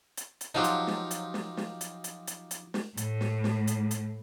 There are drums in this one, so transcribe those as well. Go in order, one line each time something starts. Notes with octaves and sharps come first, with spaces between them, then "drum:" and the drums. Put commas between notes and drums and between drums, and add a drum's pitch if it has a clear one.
drum: hi-hat
drum: hi-hat
F3 F#3 D#4 F4 G4
drum: hi-hat
drum: snare
drum: hi-hat
drum: snare
drum: snare
drum: hi-hat
drum: hi-hat
drum: hi-hat
drum: hi-hat
drum: snare
A2, drum: hi-hat
drum: snare
drum: snare
drum: hi-hat
drum: hi-hat